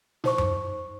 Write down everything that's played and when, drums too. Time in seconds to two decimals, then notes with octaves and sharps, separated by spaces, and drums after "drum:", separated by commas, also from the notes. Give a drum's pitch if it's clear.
0.24 D#4 C5 C#6, drum: snare
0.38 drum: tom F#2